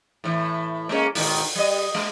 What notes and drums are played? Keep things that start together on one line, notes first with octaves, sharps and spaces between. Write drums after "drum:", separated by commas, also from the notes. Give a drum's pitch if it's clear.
A2 E3
G#3 A#3 C#4
G#2 B2 D#3, drum: open hi-hat
G3 D#5
G#3